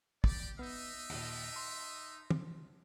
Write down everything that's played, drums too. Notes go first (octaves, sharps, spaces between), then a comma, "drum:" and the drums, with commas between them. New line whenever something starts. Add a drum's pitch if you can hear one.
G4 D5, drum: kick
B3 D#4 D#5 E5
D#2 A#2, drum: cymbal
C6
drum: tom